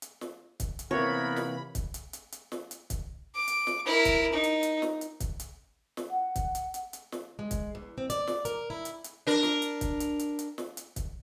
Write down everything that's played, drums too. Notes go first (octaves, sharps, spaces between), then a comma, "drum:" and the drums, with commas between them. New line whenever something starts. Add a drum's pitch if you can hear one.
drum: hi-hat
drum: snare
drum: kick, hi-hat
drum: hi-hat
C3 E3 A#3 B3 A#4 C#5 B5
drum: snare
drum: kick, hi-hat
drum: hi-hat
drum: hi-hat
drum: hi-hat
drum: snare
drum: hi-hat
drum: kick, hi-hat
D6
drum: hi-hat
drum: snare
E4 A#4
drum: kick, hi-hat
D#4
drum: hi-hat
drum: hi-hat
drum: snare
drum: hi-hat
drum: kick, hi-hat
drum: hi-hat
drum: snare
F#5
drum: kick, hi-hat
drum: hi-hat
drum: hi-hat
drum: hi-hat
drum: snare
G#3
drum: kick, hi-hat
E2
C4
D5, drum: hi-hat
drum: snare
A#4, drum: hi-hat
E4
drum: hi-hat
drum: hi-hat
D4 A#4
drum: snare
drum: hi-hat
drum: kick, hi-hat
drum: hi-hat
drum: hi-hat
drum: hi-hat
drum: snare
drum: hi-hat
drum: kick, hi-hat